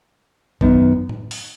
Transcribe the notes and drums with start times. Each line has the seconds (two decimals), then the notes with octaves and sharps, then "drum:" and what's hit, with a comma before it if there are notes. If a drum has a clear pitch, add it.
0.61 F#2 D#3 B3, drum: kick G#1
1.09 drum: tom A2
1.31 drum: open hi-hat